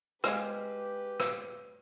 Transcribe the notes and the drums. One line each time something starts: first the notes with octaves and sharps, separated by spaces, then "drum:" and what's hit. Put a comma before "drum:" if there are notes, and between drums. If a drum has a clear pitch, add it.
G#3 G4 B4 C5 F5 G#5, drum: rim click
drum: rim click